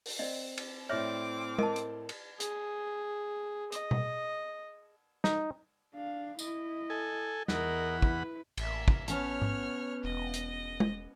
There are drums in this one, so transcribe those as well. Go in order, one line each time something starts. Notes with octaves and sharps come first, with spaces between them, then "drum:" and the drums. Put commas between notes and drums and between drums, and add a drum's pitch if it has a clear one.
drum: open hi-hat
C4 D5 D#5
drum: cymbal
A2 C4 C#5 D5 E5 D6 F6
A#4 D#5 A5, drum: tom G#3
drum: hi-hat
drum: cymbal
G#4, drum: hi-hat
D#5, drum: hi-hat
drum: tom B2
D#4, drum: snare
D4 F5
E4 D#5, drum: tambourine
A4 G#5
E2 A#4 D#5 F#5 B5, drum: snare
E4 B4, drum: kick
A1 A#3 E5, drum: cymbal
drum: kick
B3 C#4 C#5 A5 F6, drum: hi-hat
drum: tom G#2
E1 D#5
drum: hi-hat
drum: tom G#3